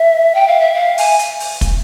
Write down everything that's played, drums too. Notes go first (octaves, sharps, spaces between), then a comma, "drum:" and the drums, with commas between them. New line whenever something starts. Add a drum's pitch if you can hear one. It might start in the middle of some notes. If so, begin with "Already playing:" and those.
Already playing: E5
G5
F5
E5
F5
G#5, drum: open hi-hat
drum: hi-hat
drum: open hi-hat
drum: kick, hi-hat